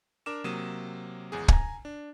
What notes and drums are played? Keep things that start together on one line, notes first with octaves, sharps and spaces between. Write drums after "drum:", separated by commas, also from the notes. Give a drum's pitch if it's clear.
D4 A#4 D6 E7
C3 F#3 A#3 D#6 D#7 E7
G#1 E2 G#4
G#5 A#5, drum: kick
D4